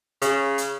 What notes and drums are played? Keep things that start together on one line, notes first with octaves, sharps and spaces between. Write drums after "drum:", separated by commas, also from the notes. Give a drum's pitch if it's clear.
C#3, drum: hi-hat
drum: hi-hat